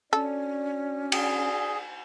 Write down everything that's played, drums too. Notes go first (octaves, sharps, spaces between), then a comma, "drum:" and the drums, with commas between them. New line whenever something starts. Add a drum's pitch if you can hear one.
C#4 D4 F#4 A4 D5
G#4, drum: cymbal